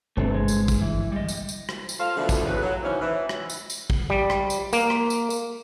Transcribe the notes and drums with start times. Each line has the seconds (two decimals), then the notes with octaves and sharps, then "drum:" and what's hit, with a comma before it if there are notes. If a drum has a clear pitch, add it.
0.17 G1 C3 A3 C4 A4
0.34 G#3
0.48 drum: tambourine
0.68 drum: kick, tambourine
0.81 E3
1.12 G3 D#5
1.29 drum: tambourine
1.49 drum: tambourine
1.69 drum: rim click
1.89 drum: tambourine
1.99 F4 A4 C5 F5
2.17 B2 D3 E3 F3 A3
2.29 drum: kick, tambourine
2.46 E2 A2 C#3 F#4 B4
2.63 F#3
2.83 B2 D#3 E3 C#4 C5 C#5
3.01 E3
3.29 drum: rim click
3.50 drum: tambourine
3.70 drum: tambourine
3.90 drum: kick
4.10 G3
4.30 drum: rim click
4.50 drum: tambourine
4.73 A#3, drum: tambourine
4.90 drum: rim click
5.10 drum: tambourine
5.30 drum: tambourine